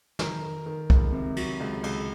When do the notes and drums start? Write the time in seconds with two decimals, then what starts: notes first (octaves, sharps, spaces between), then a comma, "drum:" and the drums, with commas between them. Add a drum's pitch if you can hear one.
0.19 D#3 A#4, drum: snare
0.42 D#3
0.66 D#3
0.90 C#2, drum: kick
1.12 C3
1.36 F#3, drum: cymbal
1.60 C#2
1.83 C#2, drum: cymbal